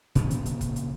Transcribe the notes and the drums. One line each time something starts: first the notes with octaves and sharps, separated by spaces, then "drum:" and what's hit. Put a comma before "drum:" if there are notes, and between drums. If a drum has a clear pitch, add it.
A#2 C#3 F3 B3, drum: kick, hi-hat
drum: hi-hat
drum: hi-hat
drum: kick, hi-hat
drum: hi-hat